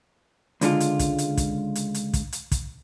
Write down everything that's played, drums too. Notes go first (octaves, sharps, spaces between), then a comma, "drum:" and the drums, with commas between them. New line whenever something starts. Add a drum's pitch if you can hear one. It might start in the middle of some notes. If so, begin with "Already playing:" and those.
C#2 D3 G#3 F4, drum: hi-hat
drum: hi-hat
drum: kick, hi-hat
drum: hi-hat
drum: kick, hi-hat
drum: hi-hat
drum: hi-hat
drum: kick, hi-hat
drum: hi-hat
drum: kick, hi-hat